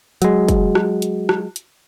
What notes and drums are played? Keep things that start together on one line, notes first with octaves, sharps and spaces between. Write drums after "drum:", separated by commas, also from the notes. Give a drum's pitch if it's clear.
F#3 G#3, drum: hi-hat
drum: kick, hi-hat
drum: rim click
drum: hi-hat
drum: rim click
drum: hi-hat